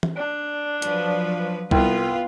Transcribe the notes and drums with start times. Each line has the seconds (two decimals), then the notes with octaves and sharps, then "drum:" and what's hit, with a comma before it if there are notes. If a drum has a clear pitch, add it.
0.03 drum: tom
0.17 D4
0.82 F3 F#3 B4, drum: hi-hat
1.71 C2 B3 F4 B4, drum: kick C2